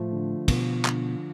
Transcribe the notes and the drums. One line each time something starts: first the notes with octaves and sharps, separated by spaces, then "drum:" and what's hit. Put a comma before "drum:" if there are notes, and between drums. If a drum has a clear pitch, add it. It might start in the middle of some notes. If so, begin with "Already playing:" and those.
Already playing: A2 F3 A3
D3
B2 F3, drum: kick, cymbal
D3, drum: clap